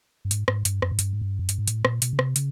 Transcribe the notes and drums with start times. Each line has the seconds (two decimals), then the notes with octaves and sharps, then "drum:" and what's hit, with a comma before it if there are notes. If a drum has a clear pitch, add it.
0.25 G2
0.31 G#2, drum: hi-hat
0.48 G#2, drum: rim click
0.65 G2, drum: hi-hat
0.82 F#2, drum: rim click
0.92 G#2
0.99 G2, drum: hi-hat
1.13 G#2
1.21 G2
1.39 F#2
1.49 G2, drum: hi-hat
1.59 G#2
1.68 A2, drum: hi-hat
1.85 A#2, drum: rim click
2.02 B2, drum: hi-hat
2.13 C#3
2.19 C3, drum: rim click
2.36 C#3, drum: hi-hat